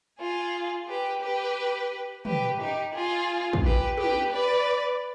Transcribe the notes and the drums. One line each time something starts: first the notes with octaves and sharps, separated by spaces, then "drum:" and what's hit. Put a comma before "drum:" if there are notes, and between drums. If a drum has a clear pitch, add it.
F4 G#4
G4 B4
G4 B4
G4 B4, drum: tom
D#4 G4
F4 G#4
drum: kick
G4 B4
G4 B4, drum: tom
B4 D5